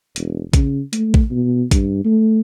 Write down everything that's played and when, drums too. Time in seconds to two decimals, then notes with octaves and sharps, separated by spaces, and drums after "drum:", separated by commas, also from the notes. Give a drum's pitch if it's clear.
0.16 E1, drum: hi-hat
0.53 C#3, drum: kick A#1, hi-hat
0.93 A3, drum: hi-hat
1.14 drum: kick A#1
1.31 B2
1.71 G2, drum: kick A#1, hi-hat
2.05 A3